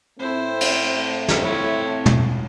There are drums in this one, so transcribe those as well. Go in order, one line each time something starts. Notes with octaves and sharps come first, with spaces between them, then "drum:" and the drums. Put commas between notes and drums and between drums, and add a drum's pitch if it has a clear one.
A2 A3 C4 E4 C5
drum: cymbal
drum: snare
E4 C#5
drum: tom